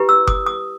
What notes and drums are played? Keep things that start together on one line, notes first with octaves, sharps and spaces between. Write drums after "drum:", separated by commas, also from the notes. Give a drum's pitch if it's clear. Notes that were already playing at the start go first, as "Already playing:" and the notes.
Already playing: E4 G4 B4
E6
D#6, drum: kick F#1
D#6